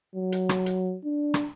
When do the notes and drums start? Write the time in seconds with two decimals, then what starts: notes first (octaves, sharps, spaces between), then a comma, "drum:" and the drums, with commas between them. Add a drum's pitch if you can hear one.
0.15 F#3
0.32 drum: hi-hat
0.49 drum: rim click
0.66 drum: hi-hat
1.04 D4
1.34 drum: rim click